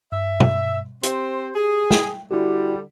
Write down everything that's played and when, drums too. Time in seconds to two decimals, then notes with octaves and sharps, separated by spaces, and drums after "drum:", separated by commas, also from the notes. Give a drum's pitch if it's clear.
0.12 G2 E5
0.40 drum: tom
1.03 C4 G4 C5, drum: hi-hat
1.55 G#4
1.91 G5, drum: snare
2.31 D3 G3 E4 F#4 G4